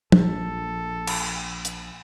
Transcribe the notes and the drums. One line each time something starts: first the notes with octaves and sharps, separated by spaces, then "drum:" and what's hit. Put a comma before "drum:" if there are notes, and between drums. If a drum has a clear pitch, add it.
A#1 A4, drum: tom
drum: cymbal
drum: hi-hat